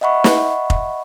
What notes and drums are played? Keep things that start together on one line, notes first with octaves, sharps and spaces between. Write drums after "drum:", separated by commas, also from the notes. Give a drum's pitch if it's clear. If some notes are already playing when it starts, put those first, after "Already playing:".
D#5 E5 F#5 B5 C#6
drum: snare
drum: kick F1